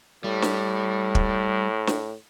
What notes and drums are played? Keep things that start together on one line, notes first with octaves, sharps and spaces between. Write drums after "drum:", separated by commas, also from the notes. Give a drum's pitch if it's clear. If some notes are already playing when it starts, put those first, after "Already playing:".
A2 G3
drum: snare
drum: kick
drum: snare